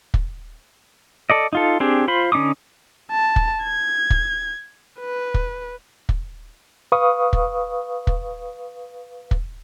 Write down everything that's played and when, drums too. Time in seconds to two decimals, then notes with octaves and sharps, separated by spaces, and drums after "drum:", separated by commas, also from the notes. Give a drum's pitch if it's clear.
0.14 drum: kick
1.30 A4 D5 D#5
1.53 D#4 F4 A4
1.80 C4 D4 G4 G#4
2.08 F4 C5 B5
2.32 D3 C#4 D#4 D6 D#6
3.11 A5
3.36 drum: kick
3.63 G#6
4.10 drum: kick
5.00 B4
5.34 drum: kick
6.09 drum: kick
6.92 B4 F5 C#6 D#6
7.33 drum: kick
8.07 drum: kick
9.31 drum: kick